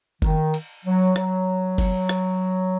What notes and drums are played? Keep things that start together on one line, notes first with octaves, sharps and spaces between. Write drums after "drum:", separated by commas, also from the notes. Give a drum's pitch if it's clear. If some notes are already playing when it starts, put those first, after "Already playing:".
D#3, drum: kick F#1
drum: cymbal
F#3
F#3, drum: rim click
drum: kick F#1, cymbal
drum: rim click